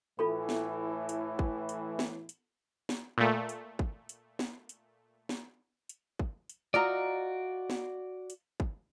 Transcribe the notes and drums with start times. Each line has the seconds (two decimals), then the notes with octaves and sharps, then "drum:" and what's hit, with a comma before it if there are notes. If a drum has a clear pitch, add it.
0.19 A2 E3 F4 A4 B5
0.49 drum: snare
1.09 drum: hi-hat
1.39 drum: kick
1.69 drum: hi-hat
1.99 drum: snare
2.29 drum: hi-hat
2.89 drum: snare
3.18 A#2 A3
3.49 drum: hi-hat
3.79 drum: kick
4.09 drum: hi-hat
4.39 drum: snare
4.69 drum: hi-hat
5.29 drum: snare
5.89 drum: hi-hat
6.19 drum: kick
6.49 drum: hi-hat
6.74 F4 F#4 D5 D#5 A#5
7.70 drum: snare
8.30 drum: hi-hat
8.60 drum: kick